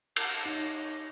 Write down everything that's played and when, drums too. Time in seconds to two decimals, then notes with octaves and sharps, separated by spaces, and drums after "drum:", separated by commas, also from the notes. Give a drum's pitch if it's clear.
0.16 A#4 F#5 A5, drum: cymbal
0.46 D#4 C#5 D#5